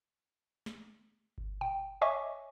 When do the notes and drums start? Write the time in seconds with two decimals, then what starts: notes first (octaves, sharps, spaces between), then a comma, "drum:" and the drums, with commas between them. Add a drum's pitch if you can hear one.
0.66 drum: snare
1.38 drum: kick G1
1.61 G5, drum: tom A2
2.01 C#5 D#5 E5 G#5 C#6 D6